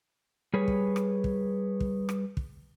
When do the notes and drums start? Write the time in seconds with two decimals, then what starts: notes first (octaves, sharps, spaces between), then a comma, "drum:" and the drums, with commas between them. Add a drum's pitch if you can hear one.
0.54 G3 G#4 B4 C#5
0.68 drum: kick
0.96 drum: rim click
1.24 drum: kick
1.80 drum: kick
2.09 drum: rim click
2.37 drum: kick